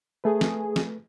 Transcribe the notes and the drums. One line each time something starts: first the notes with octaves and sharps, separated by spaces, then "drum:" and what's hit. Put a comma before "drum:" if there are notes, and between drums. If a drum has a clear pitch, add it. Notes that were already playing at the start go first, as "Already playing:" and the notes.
A3 G#4 B4
drum: snare
drum: snare